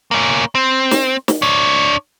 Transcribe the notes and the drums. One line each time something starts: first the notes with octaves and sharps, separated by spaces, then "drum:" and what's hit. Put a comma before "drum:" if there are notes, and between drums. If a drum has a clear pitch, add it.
A#3 C#4
C4
drum: snare
drum: snare
D4 C#5